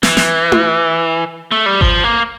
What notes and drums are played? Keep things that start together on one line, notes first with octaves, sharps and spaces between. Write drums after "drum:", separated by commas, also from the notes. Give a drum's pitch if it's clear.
E3, drum: snare
drum: snare
drum: tom E4
A3
G3
F3, drum: kick G#1
A#3